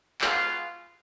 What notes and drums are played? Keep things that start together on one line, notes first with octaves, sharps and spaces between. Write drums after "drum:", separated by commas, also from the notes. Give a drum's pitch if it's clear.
G#3 B3 F4 F#4 F5, drum: clap